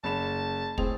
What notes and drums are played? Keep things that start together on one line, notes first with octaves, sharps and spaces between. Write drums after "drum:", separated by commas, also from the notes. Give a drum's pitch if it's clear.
F#1 A5 B5 E7
A2 C4 G#4 F7, drum: kick